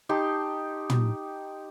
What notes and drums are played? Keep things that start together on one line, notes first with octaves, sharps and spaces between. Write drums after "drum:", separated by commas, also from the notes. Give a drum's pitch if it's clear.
D#4 G4 A5 C6
drum: tom